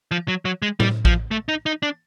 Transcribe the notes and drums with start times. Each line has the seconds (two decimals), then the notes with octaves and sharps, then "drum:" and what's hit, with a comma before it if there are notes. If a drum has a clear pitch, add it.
0.11 F3
0.28 F#3
0.45 F#3
0.62 G#3
0.80 G3, drum: tom A2
1.05 F3, drum: kick A1
1.31 A3
1.48 D#4
1.66 D#4
1.83 D4